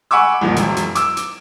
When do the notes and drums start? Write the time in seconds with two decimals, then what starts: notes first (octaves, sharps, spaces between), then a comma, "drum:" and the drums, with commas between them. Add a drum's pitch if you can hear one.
0.11 F#5 G#5 B5 C#6 D6 E6
0.41 C2 F2 A#2 F3
0.56 E1 F#2, drum: hi-hat
0.77 drum: hi-hat
0.95 D6 E6, drum: hi-hat
1.17 drum: hi-hat